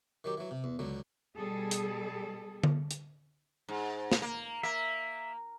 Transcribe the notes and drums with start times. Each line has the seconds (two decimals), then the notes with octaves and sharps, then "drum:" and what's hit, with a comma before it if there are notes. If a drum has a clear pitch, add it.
0.24 D#3 F#3 G4
0.37 E3 F#3
0.51 C3
0.64 E2
0.79 C#2 D3 F#3
1.37 B2 G3 G#4 A4
1.71 drum: hi-hat
2.64 drum: tom D3
2.91 drum: hi-hat
3.69 G#2
4.12 drum: snare
4.22 A#3
4.63 A#3 E5